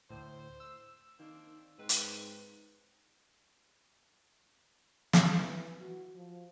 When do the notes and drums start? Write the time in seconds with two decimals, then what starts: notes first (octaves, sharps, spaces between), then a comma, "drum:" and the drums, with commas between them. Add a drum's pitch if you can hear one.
0.10 D2 A2 C5
0.60 E6
1.19 D#3 A#3 C4 D4
1.79 G#2 C4 B4
1.89 drum: hi-hat
5.13 drum: snare
5.37 E3
5.81 F#4
6.15 F3